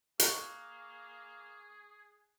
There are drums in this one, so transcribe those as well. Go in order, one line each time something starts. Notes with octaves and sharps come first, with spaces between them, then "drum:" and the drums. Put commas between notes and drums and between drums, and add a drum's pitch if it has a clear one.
A#3 G#4 D#5 A#5 C#6 F#6, drum: hi-hat